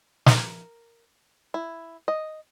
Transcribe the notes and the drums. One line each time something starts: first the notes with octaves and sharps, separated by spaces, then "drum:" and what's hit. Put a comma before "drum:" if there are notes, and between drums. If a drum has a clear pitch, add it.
A#4, drum: snare
E4
D#5